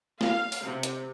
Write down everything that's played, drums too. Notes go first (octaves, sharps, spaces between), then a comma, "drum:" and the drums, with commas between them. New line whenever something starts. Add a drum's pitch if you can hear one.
F5, drum: snare
drum: open hi-hat
C3
drum: hi-hat